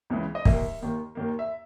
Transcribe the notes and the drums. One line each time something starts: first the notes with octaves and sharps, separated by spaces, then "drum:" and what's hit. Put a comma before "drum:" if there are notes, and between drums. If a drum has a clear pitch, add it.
C#2 C#3 E3 G#3
D#5
D#2 D#3 A#3 E5, drum: kick
D#2 D#3 A#3
D#2 D#3 A#3
E5